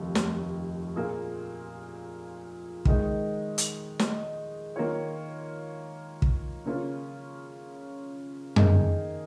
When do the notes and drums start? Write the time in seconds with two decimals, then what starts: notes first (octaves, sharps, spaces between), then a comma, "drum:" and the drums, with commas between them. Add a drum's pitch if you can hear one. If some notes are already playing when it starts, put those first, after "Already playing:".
Already playing: F1 D#2 D#3 F4
0.15 drum: snare
0.96 A#2 A#3 F4 G#4
2.85 D#3 G#3 D#4, drum: kick
3.58 drum: hi-hat
3.99 drum: snare
4.76 D#3 A#3 F4 C#5
6.22 drum: kick
6.66 C#3 A#3 C#4 F4
8.56 D#3 A#3 D#4 G#4, drum: tom F#2